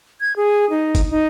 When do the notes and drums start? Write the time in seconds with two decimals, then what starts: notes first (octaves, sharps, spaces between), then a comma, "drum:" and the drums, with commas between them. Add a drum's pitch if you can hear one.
0.21 G#6
0.36 G#4
0.70 D#4
0.95 drum: kick F#1, hi-hat
1.10 D#4